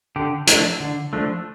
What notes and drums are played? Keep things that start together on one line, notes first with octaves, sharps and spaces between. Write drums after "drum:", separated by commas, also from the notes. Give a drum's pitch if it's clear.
D3 G4
F3 A3 D4, drum: hi-hat
D3
F3 A3 D4